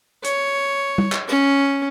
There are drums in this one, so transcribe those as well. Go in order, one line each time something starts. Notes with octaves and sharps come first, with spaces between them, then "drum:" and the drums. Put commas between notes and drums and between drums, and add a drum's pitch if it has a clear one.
C#5, drum: hi-hat
drum: tom
drum: clap
C#4, drum: tambourine